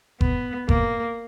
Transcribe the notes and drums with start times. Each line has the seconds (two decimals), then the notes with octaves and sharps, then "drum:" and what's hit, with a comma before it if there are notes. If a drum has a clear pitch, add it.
0.21 B3, drum: kick F#1
0.69 A#3, drum: kick F#1